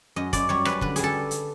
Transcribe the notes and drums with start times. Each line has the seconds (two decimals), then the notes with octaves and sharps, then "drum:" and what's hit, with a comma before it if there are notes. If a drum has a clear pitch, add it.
0.16 F#2 D#5
0.33 F#2 D5, drum: kick, hi-hat
0.49 G3 C#5
0.65 F#2 B4, drum: rim click
0.81 D3 B4, drum: kick
0.96 G3 G#4, drum: hi-hat
1.04 A4
1.31 drum: hi-hat